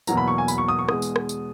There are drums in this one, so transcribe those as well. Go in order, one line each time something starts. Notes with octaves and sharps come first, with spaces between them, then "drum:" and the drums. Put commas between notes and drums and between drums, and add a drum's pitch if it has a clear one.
E2 B2 F#3 A#3 A#5, drum: tambourine
B5
C#6
G#5
B5, drum: tambourine
C#6
D#6
C#6
E2 B2 G#3 D#6, drum: rim click
drum: tambourine
drum: rim click
drum: tambourine